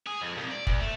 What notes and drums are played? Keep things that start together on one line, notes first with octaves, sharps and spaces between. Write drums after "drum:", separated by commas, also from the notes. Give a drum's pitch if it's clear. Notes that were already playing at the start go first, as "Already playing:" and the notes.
G#4
F2
C2
D5
D2, drum: kick
A3